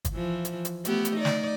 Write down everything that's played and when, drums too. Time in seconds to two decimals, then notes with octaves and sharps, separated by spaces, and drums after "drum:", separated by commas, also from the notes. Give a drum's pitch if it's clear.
0.05 drum: kick G1, hi-hat
0.14 E3 F3
0.45 drum: hi-hat
0.65 drum: hi-hat
0.85 A3 B3 G4, drum: hi-hat
1.05 drum: hi-hat
1.16 D#4 D5
1.25 drum: snare